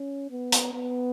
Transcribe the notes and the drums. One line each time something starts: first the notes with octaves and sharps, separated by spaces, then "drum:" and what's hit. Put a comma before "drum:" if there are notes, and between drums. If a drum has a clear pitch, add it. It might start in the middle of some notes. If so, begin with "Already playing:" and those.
Already playing: C#4
B3
drum: hi-hat
B3